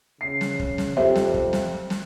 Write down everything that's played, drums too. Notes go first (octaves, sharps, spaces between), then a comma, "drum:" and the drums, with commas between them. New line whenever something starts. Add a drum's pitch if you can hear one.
C#3 C7
drum: snare
drum: kick
drum: snare
F2 C4 G4 E5
drum: snare
drum: kick
drum: snare
drum: snare